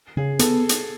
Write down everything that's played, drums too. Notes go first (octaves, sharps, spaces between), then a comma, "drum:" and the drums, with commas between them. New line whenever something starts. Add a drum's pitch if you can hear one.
C#3 G#4
B3 A4, drum: hi-hat
drum: hi-hat